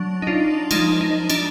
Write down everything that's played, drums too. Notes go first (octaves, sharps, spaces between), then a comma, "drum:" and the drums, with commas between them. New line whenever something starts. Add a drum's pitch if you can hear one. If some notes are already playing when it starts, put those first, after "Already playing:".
Already playing: F#3 D4
D#4
D4 F4
F3 G#3 D4 D#4, drum: cymbal
D#4
D4, drum: cymbal